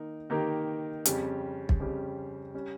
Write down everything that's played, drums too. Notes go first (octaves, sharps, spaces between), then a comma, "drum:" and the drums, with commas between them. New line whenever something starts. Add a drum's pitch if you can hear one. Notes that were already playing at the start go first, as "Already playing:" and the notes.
Already playing: D#3 A#3 D#4 A#4
D#3 A#3 D#4 G4 A#4
F2 C#3 G3 C#4 G4, drum: hi-hat
drum: kick
F2 C#3 G3 C#4 G4
G3 C#4